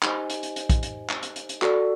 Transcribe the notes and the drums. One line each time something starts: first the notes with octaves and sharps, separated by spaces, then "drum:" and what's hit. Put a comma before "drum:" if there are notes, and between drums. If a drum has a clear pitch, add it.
D#4 G4 C5 D#5 G#5, drum: clap
drum: hi-hat
drum: hi-hat
drum: hi-hat
drum: kick, hi-hat
drum: hi-hat
drum: clap
drum: hi-hat
drum: hi-hat
drum: hi-hat
F#4 A4 D5, drum: clap